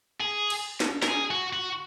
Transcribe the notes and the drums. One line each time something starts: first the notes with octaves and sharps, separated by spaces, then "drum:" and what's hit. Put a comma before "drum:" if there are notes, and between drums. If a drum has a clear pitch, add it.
G#4
drum: cymbal
drum: snare
A#4, drum: snare
G#4
F#4
F#4